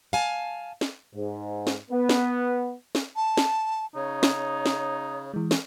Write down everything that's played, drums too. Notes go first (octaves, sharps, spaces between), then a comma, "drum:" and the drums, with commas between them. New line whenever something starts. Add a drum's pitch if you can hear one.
F5 G#5 A5
drum: snare
G#2
drum: snare
B3
drum: snare
drum: snare
A5
drum: snare
C#3 D#4 C#5
drum: snare
drum: snare
E3 G#3
drum: snare